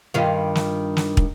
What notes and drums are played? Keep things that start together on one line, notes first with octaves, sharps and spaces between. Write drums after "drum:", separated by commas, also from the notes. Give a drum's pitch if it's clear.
G2 D#3 F4
drum: snare
drum: snare
drum: kick